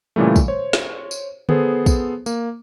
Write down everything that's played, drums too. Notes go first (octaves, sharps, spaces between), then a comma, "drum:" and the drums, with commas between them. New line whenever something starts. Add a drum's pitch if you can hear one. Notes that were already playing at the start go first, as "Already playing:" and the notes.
A#2 C#3 E3 G3 A3
drum: kick, tambourine
C5 C#5
drum: snare
drum: tambourine
B3 G#4 A4 C5, drum: tom D3
drum: kick, tambourine
A#3, drum: tambourine